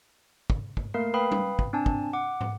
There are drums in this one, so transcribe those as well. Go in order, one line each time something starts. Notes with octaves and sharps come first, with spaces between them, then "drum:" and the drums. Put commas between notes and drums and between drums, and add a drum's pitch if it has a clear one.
drum: kick
drum: kick
A3 A#3 A#4 F5 C7
B4 F5 G5 B5 D#6
drum: tom G3
drum: kick
C4 D4 G#5 A5
drum: kick
F#5 D6
drum: tom